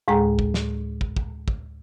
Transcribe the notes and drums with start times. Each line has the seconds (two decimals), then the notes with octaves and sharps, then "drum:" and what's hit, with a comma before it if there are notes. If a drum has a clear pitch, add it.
0.08 D2 A2 G#3 G#4 G5 A#5
0.39 drum: kick
0.54 drum: snare
1.01 drum: kick
1.17 drum: kick
1.48 drum: kick